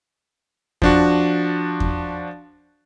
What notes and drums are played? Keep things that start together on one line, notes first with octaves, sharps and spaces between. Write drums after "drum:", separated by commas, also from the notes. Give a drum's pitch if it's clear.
F3 D4 F#4, drum: kick E2
drum: kick E2